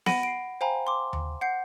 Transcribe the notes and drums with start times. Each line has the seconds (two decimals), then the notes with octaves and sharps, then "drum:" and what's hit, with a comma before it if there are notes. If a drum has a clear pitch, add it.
0.06 F#5 B5 A#6 D7 D#7, drum: snare B3
0.23 C7 D7
0.61 C5 F5 G5 G#5 A#5 B5
0.87 C6 D6
1.13 drum: tom D#2
1.41 F#5 G6 C7